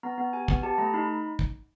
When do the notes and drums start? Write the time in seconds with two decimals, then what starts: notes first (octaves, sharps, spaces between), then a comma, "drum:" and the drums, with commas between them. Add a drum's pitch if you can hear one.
0.03 B3 A#5
0.18 B3
0.33 G4 G#5
0.48 B3, drum: kick
0.63 G4 A5
0.78 A3 A#5
0.93 D#4 B5
1.39 drum: kick